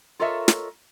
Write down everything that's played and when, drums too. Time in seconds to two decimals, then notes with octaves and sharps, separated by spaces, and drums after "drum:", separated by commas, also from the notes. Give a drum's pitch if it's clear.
0.19 F4 A4 A#4 C#5 D#5 E5
0.48 drum: snare